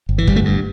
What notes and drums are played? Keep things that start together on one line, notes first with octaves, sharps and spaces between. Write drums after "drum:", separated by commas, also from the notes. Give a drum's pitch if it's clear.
G1
E3
G1 G3, drum: kick
A3
G2